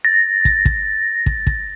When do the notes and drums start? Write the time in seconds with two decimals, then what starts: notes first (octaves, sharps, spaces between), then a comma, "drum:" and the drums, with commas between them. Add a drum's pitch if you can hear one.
0.05 A6 A#6
0.45 drum: kick
0.65 drum: kick
1.26 drum: kick
1.47 drum: kick